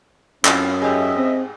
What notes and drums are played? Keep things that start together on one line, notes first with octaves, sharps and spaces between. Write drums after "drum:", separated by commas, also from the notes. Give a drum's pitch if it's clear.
F#2 C4 C#4 E4 F4, drum: clap
G#2 G4 G#4 D#5 E5
C4